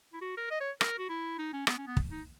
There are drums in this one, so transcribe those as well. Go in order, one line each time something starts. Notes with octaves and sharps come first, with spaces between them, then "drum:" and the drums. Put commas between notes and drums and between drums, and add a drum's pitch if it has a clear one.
E4
F#4
A#4
D#5
C#5
A#4, drum: rim click
F#4
E4
D#4
C#4
B3, drum: rim click
C#4
B3
drum: kick
D#4